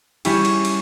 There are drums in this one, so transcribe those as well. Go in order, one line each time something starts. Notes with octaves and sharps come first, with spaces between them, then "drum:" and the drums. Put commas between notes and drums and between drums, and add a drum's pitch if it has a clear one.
G3 C#4 E4 G4, drum: cymbal
drum: cymbal
drum: cymbal